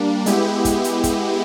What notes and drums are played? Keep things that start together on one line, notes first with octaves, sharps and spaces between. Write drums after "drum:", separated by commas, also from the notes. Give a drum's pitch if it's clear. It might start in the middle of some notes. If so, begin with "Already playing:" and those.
Already playing: G3 A#3 D4
G#3 B3 E4 G4, drum: hi-hat
drum: kick, hi-hat
drum: hi-hat
drum: kick, hi-hat